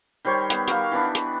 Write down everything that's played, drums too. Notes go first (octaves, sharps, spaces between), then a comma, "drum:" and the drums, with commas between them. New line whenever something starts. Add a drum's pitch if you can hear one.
D#3 G3 C5 C#5
B3, drum: hi-hat
F#4 G4 A#4 F5, drum: hi-hat
E3 B3 D4
drum: hi-hat